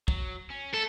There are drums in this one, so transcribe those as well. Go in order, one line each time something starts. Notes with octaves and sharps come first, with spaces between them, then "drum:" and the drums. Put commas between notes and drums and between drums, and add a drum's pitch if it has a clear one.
F#3, drum: kick
C#4
A3 A4